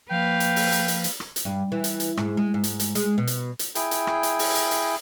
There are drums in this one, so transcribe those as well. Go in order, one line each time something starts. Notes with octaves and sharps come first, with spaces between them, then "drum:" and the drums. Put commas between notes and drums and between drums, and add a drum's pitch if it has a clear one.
F3 A#3 B4 F5 G5
drum: hi-hat
drum: open hi-hat
drum: hi-hat
drum: hi-hat
drum: hi-hat
drum: rim click
drum: hi-hat
G2
E3
drum: hi-hat
drum: hi-hat
G#2, drum: rim click
G#3
G#2
drum: hi-hat
drum: hi-hat
G#3, drum: hi-hat
B2
drum: hi-hat
drum: hi-hat
E4 G#4 G5, drum: hi-hat
drum: hi-hat
drum: rim click
drum: hi-hat
drum: open hi-hat
drum: hi-hat
drum: hi-hat